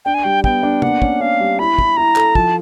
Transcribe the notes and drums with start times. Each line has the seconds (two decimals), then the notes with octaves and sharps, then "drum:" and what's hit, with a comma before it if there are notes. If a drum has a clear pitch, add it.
0.05 D4 G5
0.14 G#5
0.24 G3 G5
0.44 B3 G5, drum: kick
0.63 D4
0.82 A#3 F#5, drum: tom
1.02 C#4, drum: kick
1.20 C#4 F5
1.40 G3
1.59 E4 B5
1.79 E4, drum: kick
1.97 E4 A#5
2.16 A4, drum: clap
2.35 F3 A5, drum: kick